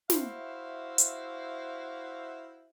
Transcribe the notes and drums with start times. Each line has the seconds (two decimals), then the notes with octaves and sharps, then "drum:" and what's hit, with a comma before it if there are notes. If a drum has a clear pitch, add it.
0.10 E4 F#4 C5 E5 F5, drum: snare
0.98 drum: hi-hat